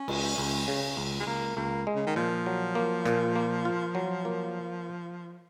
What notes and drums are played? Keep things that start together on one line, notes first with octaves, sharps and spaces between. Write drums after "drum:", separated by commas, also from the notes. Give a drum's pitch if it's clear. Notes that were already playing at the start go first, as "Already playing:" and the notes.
Already playing: C#4
C#2, drum: cymbal
C#2
C#3
C#2
G#3
C#2 A#3
C#2 A#3
G#3
C#3
D#3
A#2 F3
F#3
A#3
A#2, drum: rim click
A#3
F4
F#3
A#3